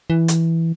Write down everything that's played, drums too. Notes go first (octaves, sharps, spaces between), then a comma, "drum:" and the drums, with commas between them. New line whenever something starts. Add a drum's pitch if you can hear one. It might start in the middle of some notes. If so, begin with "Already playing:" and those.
E3
drum: hi-hat